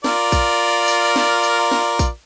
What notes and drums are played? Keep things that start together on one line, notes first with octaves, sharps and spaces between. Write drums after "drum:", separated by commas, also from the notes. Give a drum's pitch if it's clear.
F4 A#4 D5, drum: snare
drum: kick A#1, tambourine
drum: tambourine
drum: snare
drum: tambourine
drum: snare
drum: kick A#1, tambourine